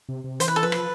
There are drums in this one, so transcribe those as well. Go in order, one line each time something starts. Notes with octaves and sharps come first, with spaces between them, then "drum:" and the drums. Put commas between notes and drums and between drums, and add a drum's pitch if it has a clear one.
C3
C3
E3 C5, drum: hi-hat
B4
A4
F3 B4
drum: rim click